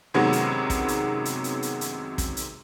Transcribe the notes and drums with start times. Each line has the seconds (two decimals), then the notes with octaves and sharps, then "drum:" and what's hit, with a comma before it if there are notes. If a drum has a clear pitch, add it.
0.14 F#2 C3 D#3 F#3 G#3 B3
0.33 drum: hi-hat
0.70 drum: kick, hi-hat
0.88 drum: hi-hat
1.25 drum: hi-hat
1.44 drum: hi-hat
1.62 drum: hi-hat
1.81 drum: hi-hat
2.18 drum: kick, hi-hat
2.37 drum: hi-hat